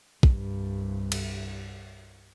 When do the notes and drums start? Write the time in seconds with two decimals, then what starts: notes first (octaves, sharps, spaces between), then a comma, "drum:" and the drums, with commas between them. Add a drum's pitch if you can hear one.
0.23 C2 G2, drum: kick
1.12 drum: cymbal